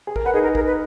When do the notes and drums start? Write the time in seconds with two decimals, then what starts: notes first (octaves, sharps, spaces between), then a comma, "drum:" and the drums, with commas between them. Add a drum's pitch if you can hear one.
0.07 G#4
0.16 A#4, drum: kick
0.25 B4 F#5
0.34 D#4 G#4
0.43 A#4
0.55 A#4, drum: kick
0.66 B4